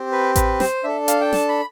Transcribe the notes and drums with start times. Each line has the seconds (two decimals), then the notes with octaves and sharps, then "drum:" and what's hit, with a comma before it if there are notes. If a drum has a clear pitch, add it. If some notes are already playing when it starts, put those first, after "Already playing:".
Already playing: C4 G4
0.12 B4
0.36 B4, drum: kick A1, hi-hat
0.60 C5, drum: snare
0.84 D4 A4 E5
1.08 F5, drum: hi-hat
1.21 G5
1.33 A5, drum: snare
1.49 B5